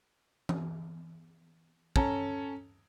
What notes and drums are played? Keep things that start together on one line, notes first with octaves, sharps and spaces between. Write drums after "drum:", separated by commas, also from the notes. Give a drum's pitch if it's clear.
drum: tom E3
C#4 A4 A5 A#5, drum: kick